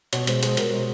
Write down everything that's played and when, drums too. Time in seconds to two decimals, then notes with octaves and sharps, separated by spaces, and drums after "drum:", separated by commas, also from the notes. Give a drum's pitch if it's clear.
0.13 B2 C#5, drum: hi-hat
0.27 G#3 C5, drum: hi-hat
0.43 G#3 C5, drum: hi-hat
0.57 B2 A#4, drum: hi-hat
0.73 G#3